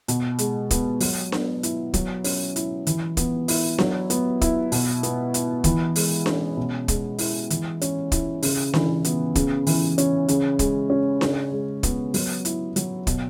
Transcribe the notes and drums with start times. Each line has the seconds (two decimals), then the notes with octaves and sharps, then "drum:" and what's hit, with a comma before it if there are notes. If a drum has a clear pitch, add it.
0.08 B2, drum: hi-hat
0.39 G#3, drum: hi-hat
0.71 B3, drum: kick, hi-hat
1.00 F#3, drum: open hi-hat
1.32 B3, drum: snare D4
1.63 E4, drum: hi-hat
1.94 F#3, drum: kick, hi-hat
2.24 C#4, drum: open hi-hat
2.56 E4, drum: hi-hat
2.87 E3, drum: hi-hat
3.17 B3, drum: kick, hi-hat
3.48 E4, drum: open hi-hat
3.78 F#3, drum: snare D4
4.10 B3, drum: hi-hat
4.41 E4, drum: kick, hi-hat
4.72 B2, drum: open hi-hat
5.03 B3, drum: hi-hat
5.34 E4, drum: hi-hat
5.64 E3, drum: kick, hi-hat
5.96 G#3, drum: open hi-hat
6.26 C#4, drum: snare D4
6.57 B2
6.88 G#3, drum: kick, hi-hat
7.18 E4, drum: open hi-hat
7.50 E3, drum: hi-hat
7.81 C#4, drum: hi-hat
8.12 E4, drum: kick, hi-hat
8.42 C#3, drum: open hi-hat
8.74 E3, drum: snare D4
9.04 B3, drum: hi-hat
9.35 C#3, drum: kick, hi-hat
9.67 E3, drum: open hi-hat
9.98 C#4, drum: hi-hat
10.28 C#3, drum: hi-hat
10.59 G#3, drum: kick, hi-hat
10.90 C#4
11.21 C#3, drum: snare D4
11.52 G#3
11.83 B3, drum: kick, hi-hat
12.14 F#3, drum: open hi-hat
12.45 E4, drum: hi-hat
12.76 F#3, drum: hi-hat
13.07 B2, drum: kick, hi-hat